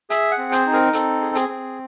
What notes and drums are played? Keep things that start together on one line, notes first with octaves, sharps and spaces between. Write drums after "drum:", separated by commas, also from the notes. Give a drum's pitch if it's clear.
G#4 E5, drum: hi-hat
F#5
C4
C5, drum: hi-hat
D#4
A#4
C4 A4, drum: hi-hat
G#4
G#4, drum: hi-hat
C4